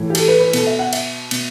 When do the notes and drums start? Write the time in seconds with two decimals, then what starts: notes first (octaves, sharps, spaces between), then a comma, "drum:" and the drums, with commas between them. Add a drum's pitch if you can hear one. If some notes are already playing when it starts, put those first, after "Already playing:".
Already playing: A2 E3
0.10 G4
0.15 A4, drum: cymbal
0.28 B4
0.40 B4
0.53 B2 A4, drum: cymbal
0.67 E5
0.79 F#5
0.93 E5, drum: cymbal
1.31 B2, drum: cymbal